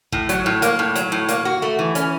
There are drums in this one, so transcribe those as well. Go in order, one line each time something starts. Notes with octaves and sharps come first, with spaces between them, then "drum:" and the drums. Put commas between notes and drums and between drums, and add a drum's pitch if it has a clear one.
A2, drum: kick
F#3, drum: hi-hat
A2
A#3, drum: hi-hat
A2
F#3, drum: hi-hat
A2
A#3, drum: hi-hat
F#4
A3
E3
C#4, drum: hi-hat